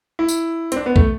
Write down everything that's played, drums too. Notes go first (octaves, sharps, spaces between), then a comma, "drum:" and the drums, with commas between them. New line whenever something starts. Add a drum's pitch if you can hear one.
E4
drum: tambourine
C4, drum: hi-hat
D4
B3
A3, drum: kick